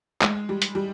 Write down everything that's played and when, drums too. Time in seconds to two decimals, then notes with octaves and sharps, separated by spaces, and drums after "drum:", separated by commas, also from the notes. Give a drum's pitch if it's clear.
0.22 G#3, drum: clap
0.49 G3
0.62 drum: hi-hat
0.75 G3